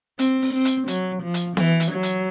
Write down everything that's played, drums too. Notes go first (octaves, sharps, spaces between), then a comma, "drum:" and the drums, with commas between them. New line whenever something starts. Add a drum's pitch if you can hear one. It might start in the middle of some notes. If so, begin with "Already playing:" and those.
C4, drum: hi-hat
drum: open hi-hat
C4
drum: hi-hat
F#3, drum: hi-hat
F3
drum: hi-hat
E3, drum: snare B3
drum: hi-hat
F#3
drum: hi-hat